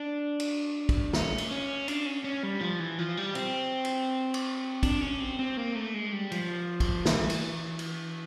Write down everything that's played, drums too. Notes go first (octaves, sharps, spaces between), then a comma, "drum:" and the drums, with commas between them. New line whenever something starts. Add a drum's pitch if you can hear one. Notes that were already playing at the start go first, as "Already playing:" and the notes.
Already playing: D4
drum: cymbal
drum: kick, cymbal
C#4, drum: snare
drum: cymbal
C#4
D4, drum: cymbal
C#4
C#4
G3
F3
E3
F3
G3
C4, drum: cymbal
drum: cymbal
drum: cymbal
D4, drum: kick, cymbal
C#4
C4
C4
A#3
A3
G#3
G3
F3, drum: cymbal
drum: kick, cymbal
E3, drum: snare
drum: cymbal
drum: cymbal